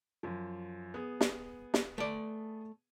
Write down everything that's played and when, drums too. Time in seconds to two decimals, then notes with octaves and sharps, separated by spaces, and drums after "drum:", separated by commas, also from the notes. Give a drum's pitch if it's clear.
0.23 F#2 F3
0.94 B3 G#4
1.21 drum: snare
1.74 drum: snare
1.98 A3 D5